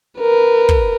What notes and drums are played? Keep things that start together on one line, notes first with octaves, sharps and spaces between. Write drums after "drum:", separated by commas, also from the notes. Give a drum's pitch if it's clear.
A#4 B4
drum: kick